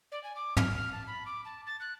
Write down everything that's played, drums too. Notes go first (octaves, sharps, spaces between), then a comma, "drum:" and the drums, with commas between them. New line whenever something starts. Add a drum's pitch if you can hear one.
D5
G#5
D6
F6, drum: tom
F6
A5
B5
D6
A5
A6
F#6